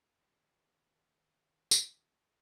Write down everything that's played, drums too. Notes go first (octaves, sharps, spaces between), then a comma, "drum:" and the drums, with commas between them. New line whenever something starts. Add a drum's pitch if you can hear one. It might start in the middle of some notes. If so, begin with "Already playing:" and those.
D#3 B3 F4 G4
drum: tambourine